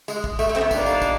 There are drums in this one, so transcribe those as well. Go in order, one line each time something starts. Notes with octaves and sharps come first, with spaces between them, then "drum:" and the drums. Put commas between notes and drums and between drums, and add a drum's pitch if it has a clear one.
G#3, drum: tambourine
drum: kick
A3, drum: tambourine
A3
C4, drum: clap
B3
D#3 G3 A#3 D4 F4, drum: kick, tambourine
drum: tambourine
drum: kick, tambourine